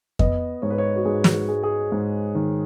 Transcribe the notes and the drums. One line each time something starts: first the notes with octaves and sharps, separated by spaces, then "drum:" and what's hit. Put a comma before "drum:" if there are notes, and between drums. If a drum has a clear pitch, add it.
B3 D#5, drum: kick F2
G#2 C#5
B4
C#5
F#4
G#2 G#4
F#4, drum: snare
G#4
G#3
G#4
G#2
D#3